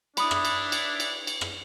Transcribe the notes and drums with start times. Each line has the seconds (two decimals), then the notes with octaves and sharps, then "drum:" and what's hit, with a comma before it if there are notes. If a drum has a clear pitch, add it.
0.17 D4 E4 B5 D#6, drum: cymbal
0.31 drum: rim click
0.45 drum: cymbal
0.72 drum: cymbal
1.00 drum: cymbal
1.27 drum: cymbal
1.41 drum: rim click